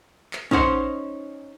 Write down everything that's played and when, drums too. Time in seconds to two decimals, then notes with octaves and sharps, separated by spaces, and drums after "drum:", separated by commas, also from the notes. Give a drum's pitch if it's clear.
0.33 drum: clap
0.51 C#4 D#4 C5 F#5, drum: kick